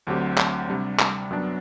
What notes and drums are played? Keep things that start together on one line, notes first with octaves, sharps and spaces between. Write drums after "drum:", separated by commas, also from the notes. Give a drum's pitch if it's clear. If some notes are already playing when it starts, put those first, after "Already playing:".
D2 D3 F#3 C4 G4
drum: clap
C3 G3 D4
drum: clap
F#2 F#3 B3 D4